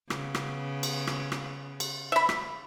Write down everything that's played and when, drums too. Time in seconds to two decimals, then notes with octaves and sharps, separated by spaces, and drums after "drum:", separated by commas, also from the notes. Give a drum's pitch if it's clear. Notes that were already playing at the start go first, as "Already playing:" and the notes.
0.10 C#3 B3, drum: rim click
0.35 drum: rim click
0.83 drum: cymbal
1.07 drum: rim click
1.32 drum: rim click
1.80 drum: cymbal
2.12 E5 B5
2.29 drum: rim click